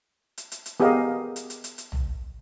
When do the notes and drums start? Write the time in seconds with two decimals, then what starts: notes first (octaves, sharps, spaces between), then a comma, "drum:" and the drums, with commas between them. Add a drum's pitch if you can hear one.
0.38 drum: hi-hat
0.52 drum: hi-hat
0.66 drum: hi-hat
0.80 B3 G4 G#4 A#4 D#5 F5
1.36 drum: hi-hat
1.50 drum: hi-hat
1.64 drum: hi-hat
1.78 drum: hi-hat
1.92 drum: tom A#1